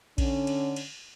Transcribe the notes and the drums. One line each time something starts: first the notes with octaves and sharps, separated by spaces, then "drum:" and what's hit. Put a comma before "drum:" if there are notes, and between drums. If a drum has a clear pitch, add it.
D3 C#4, drum: kick A#1, cymbal
drum: cymbal
drum: cymbal